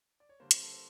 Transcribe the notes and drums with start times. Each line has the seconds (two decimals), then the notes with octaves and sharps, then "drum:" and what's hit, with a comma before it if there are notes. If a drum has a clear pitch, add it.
0.20 D5
0.29 C#5
0.40 D3 G3 A#3 C5
0.51 C5, drum: hi-hat
0.63 A4
0.73 C5